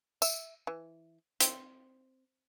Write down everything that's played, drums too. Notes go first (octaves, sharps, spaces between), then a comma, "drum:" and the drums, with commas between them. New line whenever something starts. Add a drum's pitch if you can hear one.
E5, drum: tambourine
E3
C4, drum: hi-hat